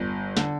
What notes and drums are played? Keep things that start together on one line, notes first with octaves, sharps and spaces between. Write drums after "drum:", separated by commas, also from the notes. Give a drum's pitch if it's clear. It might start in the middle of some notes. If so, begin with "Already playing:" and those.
Already playing: G1
D3, drum: snare